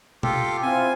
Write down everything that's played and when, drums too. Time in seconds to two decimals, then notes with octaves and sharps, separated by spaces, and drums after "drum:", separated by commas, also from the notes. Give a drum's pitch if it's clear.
0.23 F4 G4 A4, drum: tom B2
0.63 C4 E4 F4 G#5